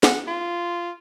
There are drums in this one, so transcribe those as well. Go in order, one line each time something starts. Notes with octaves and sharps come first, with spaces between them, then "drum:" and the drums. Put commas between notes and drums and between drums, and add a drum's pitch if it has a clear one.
F#5, drum: snare
F4